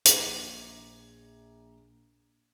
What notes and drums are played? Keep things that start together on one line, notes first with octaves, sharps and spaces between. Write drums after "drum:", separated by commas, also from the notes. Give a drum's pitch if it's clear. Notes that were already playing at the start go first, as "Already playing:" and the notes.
A#1 A#2 A#5 D6 G#6, drum: hi-hat